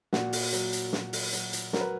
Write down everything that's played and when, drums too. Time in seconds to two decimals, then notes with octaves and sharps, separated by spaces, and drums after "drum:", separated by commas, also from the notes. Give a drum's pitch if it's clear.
0.13 A#2 F#4, drum: snare
0.33 drum: open hi-hat
0.53 F#3, drum: hi-hat
0.73 drum: hi-hat
0.93 F#3, drum: snare
1.13 drum: open hi-hat
1.33 F#3, drum: hi-hat
1.53 drum: hi-hat
1.73 F#3 A#4, drum: snare
1.81 B4